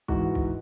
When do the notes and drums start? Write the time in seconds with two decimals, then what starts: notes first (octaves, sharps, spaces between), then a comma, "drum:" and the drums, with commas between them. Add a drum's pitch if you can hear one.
0.08 G#2 E3 F#4, drum: kick
0.35 drum: kick